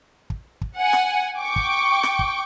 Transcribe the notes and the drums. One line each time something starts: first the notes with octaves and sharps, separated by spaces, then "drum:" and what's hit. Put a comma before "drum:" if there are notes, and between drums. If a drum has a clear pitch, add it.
drum: kick
drum: kick
F#5 G#5
drum: snare
G5 C#6 D6
drum: kick
drum: snare
drum: kick